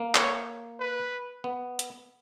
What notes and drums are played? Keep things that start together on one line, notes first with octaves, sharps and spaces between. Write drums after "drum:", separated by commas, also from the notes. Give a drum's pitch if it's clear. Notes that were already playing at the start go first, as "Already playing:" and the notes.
Already playing: A#3
C#5, drum: clap
B4
B3
drum: hi-hat